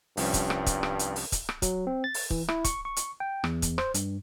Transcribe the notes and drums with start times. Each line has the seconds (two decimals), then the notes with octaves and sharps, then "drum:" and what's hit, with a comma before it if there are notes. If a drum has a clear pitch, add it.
0.17 C2 G2 F3 C#4, drum: open hi-hat
0.34 drum: kick, hi-hat
0.50 drum: rim click
0.66 drum: kick, hi-hat
0.83 drum: rim click
0.99 drum: hi-hat
1.16 drum: open hi-hat
1.32 drum: kick, hi-hat
1.49 drum: rim click
1.62 F#3, drum: kick, hi-hat
1.87 C4
2.04 A6
2.14 drum: open hi-hat
2.30 E3, drum: kick
2.48 E4, drum: rim click
2.64 C#6, drum: kick, hi-hat
2.85 C#6
2.97 drum: hi-hat
3.20 G5
3.44 E2, drum: rim click
3.62 drum: kick, hi-hat
3.78 C5, drum: rim click
3.94 G2, drum: hi-hat